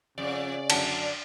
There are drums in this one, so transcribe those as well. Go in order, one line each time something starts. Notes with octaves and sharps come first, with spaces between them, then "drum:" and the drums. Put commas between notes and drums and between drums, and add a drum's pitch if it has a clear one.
F2 C#3 D5
F#2 D3 F#4 A5, drum: cymbal